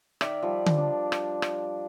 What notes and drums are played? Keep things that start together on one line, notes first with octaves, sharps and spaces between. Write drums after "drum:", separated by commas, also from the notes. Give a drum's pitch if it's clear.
D#3 A#4 D5 E5, drum: rim click
F3 G3
drum: tom D3
D4
drum: rim click
drum: rim click